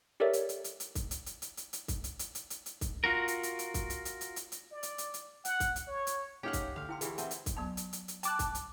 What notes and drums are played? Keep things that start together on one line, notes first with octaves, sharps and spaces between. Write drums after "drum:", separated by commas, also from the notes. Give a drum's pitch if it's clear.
G4 A4 A#4 C#5 D5 E5
drum: hi-hat
drum: hi-hat
drum: hi-hat
drum: hi-hat
drum: kick C2, hi-hat
drum: hi-hat
drum: hi-hat
drum: hi-hat
drum: hi-hat
drum: hi-hat
drum: kick C2, hi-hat
drum: hi-hat
drum: hi-hat
drum: hi-hat
drum: hi-hat
drum: hi-hat
drum: kick C2, hi-hat
F4 F#4 A#4
drum: hi-hat
drum: hi-hat
drum: hi-hat
drum: kick C2, hi-hat
drum: hi-hat
drum: hi-hat
drum: hi-hat
drum: hi-hat
drum: hi-hat
D5
drum: hi-hat
drum: hi-hat
drum: hi-hat
F#5, drum: hi-hat
drum: kick C2, hi-hat
drum: hi-hat
C#5
drum: hi-hat
C#4 D#4 G4 F5 F#5
drum: kick C2, hi-hat
D2 F5
E4 G5 C6
E3 E4 G4 G#4, drum: hi-hat
C4 E5 F#5 A5, drum: hi-hat
drum: hi-hat
drum: kick C2, hi-hat
F#3 B3 A5
drum: hi-hat
drum: hi-hat
drum: hi-hat
G5 A5 D6 F#6, drum: hi-hat
drum: kick C2, hi-hat
drum: hi-hat